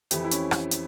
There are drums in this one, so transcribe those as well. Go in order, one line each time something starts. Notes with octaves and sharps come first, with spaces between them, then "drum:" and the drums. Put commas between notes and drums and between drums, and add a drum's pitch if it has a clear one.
F2 E3 G4, drum: hi-hat
E4
C#4, drum: hi-hat
drum: rim click
drum: hi-hat